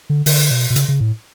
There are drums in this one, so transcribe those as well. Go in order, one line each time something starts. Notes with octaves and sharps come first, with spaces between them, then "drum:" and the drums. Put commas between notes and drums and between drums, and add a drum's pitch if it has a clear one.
D3
D3, drum: open hi-hat
B2
B2
C#3, drum: hi-hat
C#3
A2